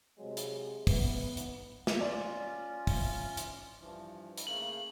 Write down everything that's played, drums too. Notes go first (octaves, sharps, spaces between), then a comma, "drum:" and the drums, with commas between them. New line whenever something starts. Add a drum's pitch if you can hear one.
C3 F#3 G#3
drum: hi-hat
B3, drum: kick, open hi-hat
drum: hi-hat
drum: snare
C#4 F4 D5
drum: kick, open hi-hat
drum: hi-hat
G2 E3 F3
drum: hi-hat
C#3 A3 A#3 F#7